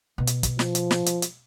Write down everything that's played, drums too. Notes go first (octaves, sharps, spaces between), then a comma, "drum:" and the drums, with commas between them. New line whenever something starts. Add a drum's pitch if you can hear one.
B2
drum: hi-hat
drum: kick, hi-hat
F3, drum: snare
drum: hi-hat
drum: snare
drum: hi-hat
drum: hi-hat